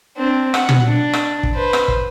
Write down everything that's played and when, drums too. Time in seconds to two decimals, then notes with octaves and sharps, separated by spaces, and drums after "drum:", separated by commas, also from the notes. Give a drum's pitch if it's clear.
0.17 C4 D4
0.54 F#5, drum: rim click
0.69 drum: tom
0.86 D4
1.13 drum: rim click
1.43 drum: kick
1.55 B4 C5
1.73 drum: rim click
1.88 drum: kick